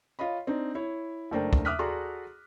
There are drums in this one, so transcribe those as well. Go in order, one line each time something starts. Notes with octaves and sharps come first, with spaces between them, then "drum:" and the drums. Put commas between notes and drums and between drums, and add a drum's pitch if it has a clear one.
F4 C#5 D#5 B5
C4 D4 D#4
E4 C#5
F#1 A3 D4 A#4 C5 G5
drum: kick
E5 D6 D#6 F6 F#6 B6
F#4 G#4 A4 D5 A#5 C6